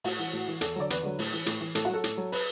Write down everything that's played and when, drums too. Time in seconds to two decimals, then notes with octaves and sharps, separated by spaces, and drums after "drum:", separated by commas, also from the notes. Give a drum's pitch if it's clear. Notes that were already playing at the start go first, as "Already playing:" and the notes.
0.04 A2 F#4, drum: open hi-hat
0.19 E3
0.33 A2
0.48 E3
0.61 E2 A4, drum: hi-hat
0.76 D3 F#3 D5
0.90 E2 B4, drum: hi-hat
1.03 D3 F#3
1.19 A2, drum: open hi-hat
1.33 E3
1.46 A2, drum: hi-hat
1.61 E3
1.75 A2 A4, drum: hi-hat
1.85 F#4
1.89 F#3 A4
2.04 A2, drum: hi-hat
2.17 F#3
2.32 B4, drum: open hi-hat